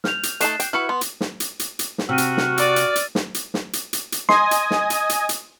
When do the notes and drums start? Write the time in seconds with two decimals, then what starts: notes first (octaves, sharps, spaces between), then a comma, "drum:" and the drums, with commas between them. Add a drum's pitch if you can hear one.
0.04 F6 G6 F7, drum: snare
0.23 drum: hi-hat
0.40 A3 D#4 A4 F#6 C7 E7, drum: hi-hat
0.60 G5, drum: hi-hat
0.73 E4 F#4 B4 F6 C#7
0.89 B3 C6
1.01 drum: hi-hat
1.21 drum: snare
1.40 drum: hi-hat
1.59 drum: hi-hat
1.79 drum: hi-hat
1.98 drum: snare
2.09 C3 F#4 E6 F6 D#7
2.18 drum: hi-hat
2.37 drum: snare
2.58 D5 E6 A6 D#7, drum: hi-hat
2.76 drum: hi-hat
2.96 drum: hi-hat
3.15 drum: snare
3.34 drum: hi-hat
3.54 drum: snare
3.73 drum: hi-hat
3.93 drum: hi-hat
4.12 drum: hi-hat
4.29 D#5 G#5 C6 D#6, drum: snare
4.51 drum: hi-hat
4.71 drum: snare
4.90 drum: hi-hat
5.09 drum: hi-hat
5.29 drum: hi-hat